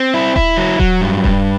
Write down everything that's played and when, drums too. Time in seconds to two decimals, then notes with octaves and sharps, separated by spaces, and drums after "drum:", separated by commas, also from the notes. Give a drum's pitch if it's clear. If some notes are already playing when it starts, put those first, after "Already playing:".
Already playing: C4
0.14 E4
0.36 E4, drum: kick D#1
0.57 F#3
0.79 F#3, drum: kick D#1
1.01 G2
1.24 G2, drum: kick D#1